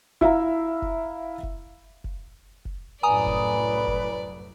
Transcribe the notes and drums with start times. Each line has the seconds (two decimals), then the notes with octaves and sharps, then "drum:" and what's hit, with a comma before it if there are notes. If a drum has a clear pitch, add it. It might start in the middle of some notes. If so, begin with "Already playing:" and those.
0.21 E4 E5 F5 A#5, drum: kick F1
0.82 drum: kick F1
1.43 drum: kick F1
2.04 drum: kick F1
2.65 drum: kick F1
3.03 C2 F#2 A2 B4 D5 G#5 A#5 D#6
3.26 drum: kick F1
3.87 drum: kick F1